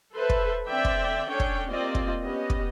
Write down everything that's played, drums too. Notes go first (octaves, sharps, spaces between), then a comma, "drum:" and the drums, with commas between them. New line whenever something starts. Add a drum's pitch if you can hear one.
A4 B4 C5 E5
drum: kick
D3 C4 D5 E5 G5
drum: kick
C#4 D4 A4 C#5 G5
drum: kick
A#3 C4 F4 G4 D5 D#5
drum: kick
B3 C#4 G4 D#5
drum: kick